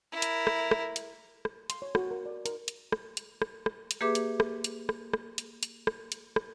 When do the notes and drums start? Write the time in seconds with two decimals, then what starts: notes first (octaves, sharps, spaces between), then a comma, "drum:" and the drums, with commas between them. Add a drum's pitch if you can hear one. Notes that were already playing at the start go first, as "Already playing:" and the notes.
0.12 E4 A#4
0.22 drum: hi-hat
0.47 drum: rim click
0.71 drum: rim click
0.96 drum: hi-hat
1.45 drum: rim click
1.70 C6, drum: hi-hat
1.82 C#5
1.95 F#4, drum: rim click
2.11 A#4
2.25 D5
2.46 A#4, drum: hi-hat
2.68 drum: hi-hat
2.92 drum: rim click
3.17 drum: hi-hat
3.42 drum: rim click
3.66 drum: rim click
3.91 drum: hi-hat
4.01 A#3 G4 G#4 B4 E5 D6
4.15 drum: hi-hat
4.40 drum: rim click
4.64 drum: hi-hat
4.89 drum: rim click
5.13 drum: rim click
5.38 drum: hi-hat
5.63 drum: hi-hat
5.87 drum: rim click
6.12 drum: hi-hat
6.36 drum: rim click